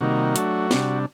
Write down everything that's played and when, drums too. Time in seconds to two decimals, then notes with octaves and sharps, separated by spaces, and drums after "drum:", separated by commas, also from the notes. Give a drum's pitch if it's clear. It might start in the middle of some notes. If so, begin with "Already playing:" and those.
0.01 C3 D#3 G3 A#3 D#4 F#4
0.36 F#3 A3 D4, drum: hi-hat
0.71 C3 G3 D4, drum: snare